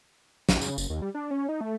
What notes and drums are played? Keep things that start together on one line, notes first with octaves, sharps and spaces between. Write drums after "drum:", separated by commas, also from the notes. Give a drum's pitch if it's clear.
A#1, drum: snare
C#3, drum: tambourine
F#1, drum: tambourine
D#2
G3
D4
C#4
D#4
A3